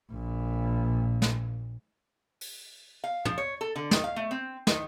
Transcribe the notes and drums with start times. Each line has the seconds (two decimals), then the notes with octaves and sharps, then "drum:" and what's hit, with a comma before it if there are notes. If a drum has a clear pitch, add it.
0.12 A#1 A#2
1.22 drum: snare
2.41 drum: open hi-hat
3.04 F5
3.25 F3, drum: tom
3.38 C#5
3.61 A4
3.76 D3
3.91 D#3, drum: snare
4.04 F5
4.16 A3
4.31 C4
4.67 D#3, drum: snare